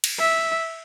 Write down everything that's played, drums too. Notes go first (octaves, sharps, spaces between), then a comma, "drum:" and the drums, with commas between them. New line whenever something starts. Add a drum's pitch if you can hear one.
drum: cymbal
E5